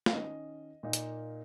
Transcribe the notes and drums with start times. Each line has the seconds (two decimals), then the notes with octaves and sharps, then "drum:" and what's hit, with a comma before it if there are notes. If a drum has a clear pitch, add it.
0.06 F5, drum: snare
0.13 D#3 C#4 D#5
0.83 A#2 A#3 D#4
0.93 drum: hi-hat